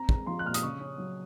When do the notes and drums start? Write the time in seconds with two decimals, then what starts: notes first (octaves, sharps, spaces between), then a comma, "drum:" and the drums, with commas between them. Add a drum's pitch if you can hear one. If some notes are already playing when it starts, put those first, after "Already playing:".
Already playing: C4 A#5
0.09 G#3, drum: kick
0.26 F3 C6
0.39 F#6
0.44 A#2 F6
0.54 D#6, drum: hi-hat
0.63 C#3 C#6
0.80 C#4
0.98 F#3